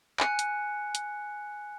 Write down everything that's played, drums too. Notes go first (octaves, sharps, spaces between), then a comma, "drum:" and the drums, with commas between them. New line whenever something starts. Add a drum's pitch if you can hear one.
G#5 F#6 C#7, drum: clap
drum: hi-hat
drum: hi-hat